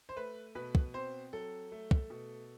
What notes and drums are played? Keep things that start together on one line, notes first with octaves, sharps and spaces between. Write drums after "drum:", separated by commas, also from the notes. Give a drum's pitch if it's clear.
C5
A3 B4
B2 B4
drum: kick
C4 C5
F#3 A4
A3
drum: kick
B2